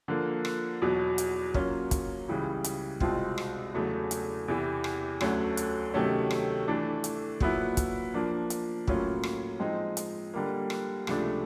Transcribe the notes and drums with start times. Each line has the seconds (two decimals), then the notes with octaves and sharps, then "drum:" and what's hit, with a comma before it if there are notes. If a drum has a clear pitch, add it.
0.08 D3 F3 A#3
0.45 drum: rim click
0.82 E2 B2 F#3
1.18 drum: hi-hat
1.54 F#3 A#3 C#4 F4, drum: kick
1.91 drum: kick, hi-hat
2.28 C#2 C#3 E3 G3
2.64 drum: hi-hat
3.00 C2 B2 G#3 C4 F4, drum: kick
3.38 drum: rim click
3.74 E2 C#3 F#3 A3
4.11 drum: hi-hat
4.48 E2 C3 E3
4.84 drum: rim click
5.21 D2 D3 F#3 A3 C#4, drum: rim click
5.57 drum: hi-hat
5.94 C3 D#3 F#3 A3 C#4
6.31 drum: rim click
6.68 E3 A3 D4
7.04 drum: hi-hat
7.40 A#2 F#3 B3 E4, drum: kick
7.77 drum: kick, hi-hat
8.14 F3 A#3 D4
8.50 drum: hi-hat
8.87 A2 F#3 A#3 C#4 F4, drum: kick
9.23 drum: rim click
9.59 F3 G#3 C4 D#4
9.97 drum: hi-hat
10.34 D3 G3 A#3
10.70 drum: rim click
11.07 C#2 C3 F3 A3 D4, drum: rim click